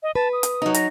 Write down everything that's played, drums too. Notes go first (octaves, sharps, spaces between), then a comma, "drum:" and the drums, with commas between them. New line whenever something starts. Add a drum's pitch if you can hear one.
D#5
B4 A5
D#6
drum: hi-hat
F#3 D#4
A#6, drum: hi-hat